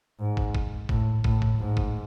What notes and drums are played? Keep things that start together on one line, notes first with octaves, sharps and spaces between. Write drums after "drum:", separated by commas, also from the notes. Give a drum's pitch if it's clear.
G#2
drum: kick
drum: kick
A2, drum: kick
A2, drum: kick
drum: kick
G#2
drum: kick